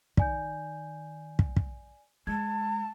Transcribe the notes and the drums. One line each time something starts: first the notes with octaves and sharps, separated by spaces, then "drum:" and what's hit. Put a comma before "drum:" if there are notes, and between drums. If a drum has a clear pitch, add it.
D#3 D5 G#5 G6, drum: kick
drum: kick
drum: kick
G#3 A5 G#6